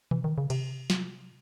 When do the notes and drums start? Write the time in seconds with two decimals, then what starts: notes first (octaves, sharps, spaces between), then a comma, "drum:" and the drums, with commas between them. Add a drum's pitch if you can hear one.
0.11 E3, drum: tom B2
0.24 D#3
0.38 C#3
0.50 C3, drum: cymbal
0.90 drum: snare